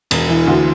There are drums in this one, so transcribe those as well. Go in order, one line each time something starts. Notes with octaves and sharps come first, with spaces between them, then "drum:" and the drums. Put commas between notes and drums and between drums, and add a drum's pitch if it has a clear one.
E1, drum: cymbal
E3
D2